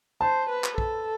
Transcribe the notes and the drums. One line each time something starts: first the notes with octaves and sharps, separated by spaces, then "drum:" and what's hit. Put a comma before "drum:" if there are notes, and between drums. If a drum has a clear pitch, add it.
C5 A5
B4
drum: clap
A4, drum: kick